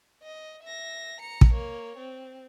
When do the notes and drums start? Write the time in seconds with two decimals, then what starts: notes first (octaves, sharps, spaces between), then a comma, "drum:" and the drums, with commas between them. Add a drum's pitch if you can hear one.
0.23 D#5
0.63 E5 A#6
1.21 A#5 C#7
1.41 drum: kick
1.54 A#3 C#5
1.98 C4